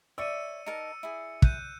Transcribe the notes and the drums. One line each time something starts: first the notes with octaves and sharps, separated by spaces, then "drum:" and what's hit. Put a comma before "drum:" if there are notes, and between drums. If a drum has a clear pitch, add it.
C#5 D5 E5 E6 C#7 D#7
D#4 A#4 A5 C#7
E4 G#4
F#6 G6 D#7, drum: kick